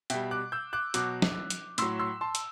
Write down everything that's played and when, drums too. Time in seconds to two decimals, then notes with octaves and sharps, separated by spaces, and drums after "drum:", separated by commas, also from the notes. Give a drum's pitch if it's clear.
0.10 B2 G3 E5 G5, drum: hi-hat
0.31 D6 F#6
0.52 E6 G6
0.73 D6 F#6
0.94 B2 F#3 D6 F#6, drum: hi-hat
1.22 drum: snare
1.50 drum: hi-hat
1.78 A2 F#3 C6 E6, drum: hi-hat
1.99 C6 E6
2.21 A5 C6
2.35 drum: hi-hat